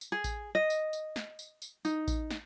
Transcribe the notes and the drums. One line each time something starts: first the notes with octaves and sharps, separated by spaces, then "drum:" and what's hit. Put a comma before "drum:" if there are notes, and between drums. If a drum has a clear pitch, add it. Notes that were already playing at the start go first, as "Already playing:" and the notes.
drum: tambourine
G#4
drum: kick A1, tambourine
D#5
drum: tambourine
drum: tambourine
drum: snare
drum: tambourine
drum: tambourine
D#4, drum: tambourine
drum: kick A1, tambourine
drum: snare